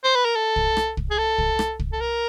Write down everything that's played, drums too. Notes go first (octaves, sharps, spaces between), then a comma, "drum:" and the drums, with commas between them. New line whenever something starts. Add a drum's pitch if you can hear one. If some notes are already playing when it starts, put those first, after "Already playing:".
C5
B4
A#4
A4
drum: kick
drum: rim click
drum: kick
G#4
A4
drum: kick
drum: rim click
drum: kick
A4
A#4